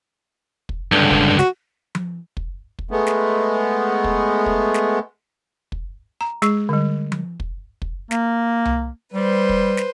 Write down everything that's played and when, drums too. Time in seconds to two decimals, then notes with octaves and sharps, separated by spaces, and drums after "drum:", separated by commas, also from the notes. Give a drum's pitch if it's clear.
0.69 drum: kick
0.92 C#2 G2 D3
1.11 drum: kick
1.39 F#4, drum: snare
1.95 drum: tom F3
2.37 drum: kick
2.79 drum: kick
2.91 G#3 A3 B3
3.07 drum: snare
4.04 drum: kick
4.46 drum: kick
4.74 drum: snare
5.72 drum: kick
6.21 A#5
6.42 G#3 G#4 C#6, drum: snare
6.69 D3 G3
7.12 drum: tom F3
7.40 drum: kick
7.82 drum: kick
8.11 A#3, drum: snare
8.65 drum: tom C2
9.14 G3 B4 C5
9.49 drum: kick
9.77 drum: snare